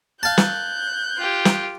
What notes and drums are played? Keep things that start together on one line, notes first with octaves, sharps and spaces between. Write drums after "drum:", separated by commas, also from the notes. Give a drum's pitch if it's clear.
F5 A5 F#6 G6
drum: snare
F4 G4
drum: snare